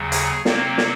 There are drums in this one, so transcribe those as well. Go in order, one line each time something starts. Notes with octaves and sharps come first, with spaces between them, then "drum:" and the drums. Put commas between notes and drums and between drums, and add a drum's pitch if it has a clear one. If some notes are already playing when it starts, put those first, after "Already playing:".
Already playing: D#2 C#3 F#3
G#4, drum: hi-hat
C3 F#3 A#3 C4, drum: snare
drum: snare